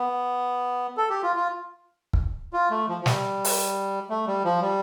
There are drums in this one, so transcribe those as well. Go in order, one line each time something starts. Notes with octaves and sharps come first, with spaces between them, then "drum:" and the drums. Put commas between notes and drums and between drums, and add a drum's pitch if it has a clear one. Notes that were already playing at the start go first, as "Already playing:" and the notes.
Already playing: B3
A4
G4
F4
F4
drum: kick
F4
A3
F3
F3
G3, drum: snare
drum: open hi-hat
A3
G3
F3
G3